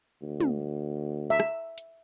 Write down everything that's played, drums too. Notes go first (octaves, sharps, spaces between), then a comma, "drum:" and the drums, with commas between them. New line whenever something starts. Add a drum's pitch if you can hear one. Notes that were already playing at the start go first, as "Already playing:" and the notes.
D2
drum: tom
E5
drum: rim click
drum: hi-hat